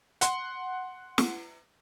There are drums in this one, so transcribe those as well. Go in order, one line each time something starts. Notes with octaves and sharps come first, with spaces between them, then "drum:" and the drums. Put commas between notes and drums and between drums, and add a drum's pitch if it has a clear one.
F#5 C6, drum: hi-hat
drum: snare